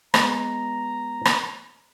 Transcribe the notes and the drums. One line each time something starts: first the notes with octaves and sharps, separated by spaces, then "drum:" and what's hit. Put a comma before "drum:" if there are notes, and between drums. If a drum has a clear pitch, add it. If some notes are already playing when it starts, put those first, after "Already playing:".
G#3 B3 A#5, drum: rim click
drum: rim click